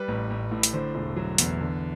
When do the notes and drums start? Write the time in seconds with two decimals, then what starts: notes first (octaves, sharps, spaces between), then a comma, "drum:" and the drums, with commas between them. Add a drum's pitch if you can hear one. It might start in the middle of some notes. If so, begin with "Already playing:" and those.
Already playing: G3 B4
0.08 A1
0.30 A1
0.51 A2
0.63 drum: hi-hat
0.73 D3 C5
0.95 E1
1.16 F#3
1.38 E2, drum: hi-hat
1.61 D3